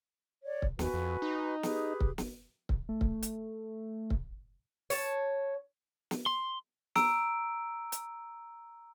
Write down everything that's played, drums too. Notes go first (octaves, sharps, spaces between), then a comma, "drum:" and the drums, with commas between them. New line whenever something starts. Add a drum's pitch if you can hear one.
C#5 D5
drum: kick C#1
D#2 F#4 B4 G#5, drum: snare
F2
D#4
G4 G#4 B4, drum: snare
drum: kick C#1
drum: snare
drum: kick C#1
A3
drum: kick C#1
drum: hi-hat
drum: kick C#1
C#5 A5, drum: open hi-hat
drum: snare
C6
A#5 E6 D7, drum: snare
drum: hi-hat